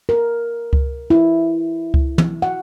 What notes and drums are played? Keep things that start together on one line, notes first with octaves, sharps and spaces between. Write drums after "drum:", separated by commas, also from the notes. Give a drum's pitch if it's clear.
A#4
drum: kick C#2
E4
drum: kick C#2
drum: tom
F#5